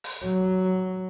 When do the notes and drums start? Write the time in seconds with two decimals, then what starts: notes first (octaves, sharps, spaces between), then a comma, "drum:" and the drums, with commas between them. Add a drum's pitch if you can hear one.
0.04 drum: open hi-hat
0.24 F#3